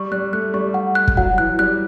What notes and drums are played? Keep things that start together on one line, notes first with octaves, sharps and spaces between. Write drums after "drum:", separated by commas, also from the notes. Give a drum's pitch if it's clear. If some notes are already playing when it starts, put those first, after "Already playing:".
Already playing: G3 C#6
G3 F#6
A3 F#6
G3 C#6
F#5
F#6
drum: kick
F#3 F#5
E3 F#6
G3 F#6